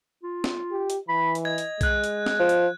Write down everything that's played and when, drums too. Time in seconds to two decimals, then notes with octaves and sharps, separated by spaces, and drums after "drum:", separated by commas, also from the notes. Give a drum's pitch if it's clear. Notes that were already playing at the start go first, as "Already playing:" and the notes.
0.23 F4
0.44 drum: snare
0.71 G4
0.90 drum: hi-hat
1.09 E3 B5
1.35 drum: hi-hat
1.45 D#5 G#6
1.58 drum: hi-hat
1.81 G#3 F#6 G#6, drum: kick B1, hi-hat
2.04 drum: hi-hat
2.26 drum: snare
2.40 F3
2.49 drum: hi-hat